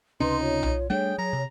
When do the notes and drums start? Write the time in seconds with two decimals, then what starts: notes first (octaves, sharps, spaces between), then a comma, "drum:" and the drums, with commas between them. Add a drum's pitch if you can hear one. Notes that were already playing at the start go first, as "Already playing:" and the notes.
0.20 C#2 C3 C#4 D#4 B4 C6
0.41 F4 C#5
0.63 drum: tom B1
0.90 G3 A3 D4 G#4 C#5 G5
1.18 F#3 A#5
1.33 C3